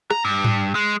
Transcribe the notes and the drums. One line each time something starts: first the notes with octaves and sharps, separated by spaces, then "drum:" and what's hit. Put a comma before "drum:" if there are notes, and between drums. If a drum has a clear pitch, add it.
A#5, drum: rim click
G2
drum: tom G#2
G#3